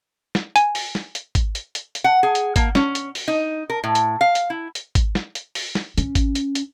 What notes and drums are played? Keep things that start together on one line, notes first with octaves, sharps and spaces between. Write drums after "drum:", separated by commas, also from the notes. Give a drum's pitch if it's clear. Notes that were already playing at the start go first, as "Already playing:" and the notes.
drum: snare
G#5, drum: hi-hat
drum: open hi-hat
drum: snare
drum: hi-hat
drum: kick G#1, hi-hat
drum: hi-hat
drum: hi-hat
drum: hi-hat
F#5
G#4
drum: hi-hat
A#3, drum: kick G#1, hi-hat
C#4, drum: snare
drum: hi-hat
drum: open hi-hat
D#4
A#4
A2
drum: hi-hat
F5
drum: hi-hat
E4
drum: hi-hat
drum: kick G#1, hi-hat
drum: snare
drum: hi-hat
drum: open hi-hat
drum: snare
C#4, drum: hi-hat
drum: kick G#1, hi-hat
drum: hi-hat
drum: hi-hat